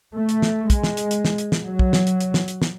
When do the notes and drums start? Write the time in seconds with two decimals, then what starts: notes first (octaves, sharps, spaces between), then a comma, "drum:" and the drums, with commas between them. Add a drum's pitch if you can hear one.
0.13 A3
0.29 drum: hi-hat
0.42 drum: snare
0.70 G#3, drum: kick, hi-hat
0.84 drum: snare
0.97 drum: hi-hat
1.11 drum: hi-hat
1.25 drum: snare
1.38 drum: hi-hat
1.52 drum: snare
1.62 F#3
1.79 drum: kick
1.93 drum: snare
2.07 drum: hi-hat
2.20 drum: hi-hat
2.34 drum: snare
2.48 drum: hi-hat
2.62 drum: snare